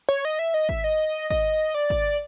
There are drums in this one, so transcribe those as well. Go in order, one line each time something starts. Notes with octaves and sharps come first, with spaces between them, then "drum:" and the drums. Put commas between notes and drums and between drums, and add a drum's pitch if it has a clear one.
C#5
D#5
E5
D#5
E5, drum: kick G#1
D#5
D#5, drum: kick G#1
D5
drum: kick G#1